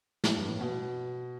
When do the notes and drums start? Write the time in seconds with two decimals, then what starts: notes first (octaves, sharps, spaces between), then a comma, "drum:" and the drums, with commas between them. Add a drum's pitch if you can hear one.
0.24 A2, drum: snare
0.36 G2
0.49 A2
0.61 B2